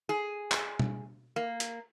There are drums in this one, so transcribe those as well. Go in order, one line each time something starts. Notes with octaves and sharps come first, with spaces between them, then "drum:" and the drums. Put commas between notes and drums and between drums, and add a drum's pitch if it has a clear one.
G#4
drum: clap
drum: tom B2
A#3
drum: hi-hat